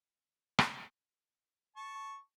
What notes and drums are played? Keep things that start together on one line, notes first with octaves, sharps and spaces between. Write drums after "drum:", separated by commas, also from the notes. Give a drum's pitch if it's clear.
drum: rim click
A5 C#6